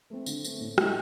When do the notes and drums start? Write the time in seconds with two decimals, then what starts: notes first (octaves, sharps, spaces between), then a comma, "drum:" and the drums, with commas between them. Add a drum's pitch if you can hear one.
0.10 A3 C4
0.26 D3, drum: tambourine
0.45 A3 C4, drum: tambourine
0.61 A2
0.78 A3 D#4 F#4, drum: rim click